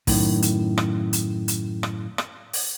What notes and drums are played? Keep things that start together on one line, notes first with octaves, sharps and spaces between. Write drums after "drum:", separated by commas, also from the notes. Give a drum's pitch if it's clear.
F#2 A2 D#3, drum: kick, open hi-hat
drum: hi-hat
drum: rim click
drum: hi-hat
drum: hi-hat
drum: rim click
drum: rim click
drum: open hi-hat